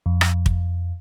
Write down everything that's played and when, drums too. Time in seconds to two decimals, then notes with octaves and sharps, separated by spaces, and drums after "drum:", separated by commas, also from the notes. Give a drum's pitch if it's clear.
0.06 F2
0.21 drum: rim click
0.46 drum: kick